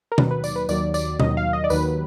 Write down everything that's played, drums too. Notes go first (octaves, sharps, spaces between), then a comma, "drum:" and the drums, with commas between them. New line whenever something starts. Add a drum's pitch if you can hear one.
A#4
D#2 D#3 F#3 B4, drum: tom B2
B4
D5, drum: tambourine
B4
D#2 D#3 F#3 D5, drum: tambourine
D5, drum: tambourine
D#2 D#3 F#3 D#5, drum: tom B2
F5
D#5
D5
D#2 D#3 F#3 B4, drum: tambourine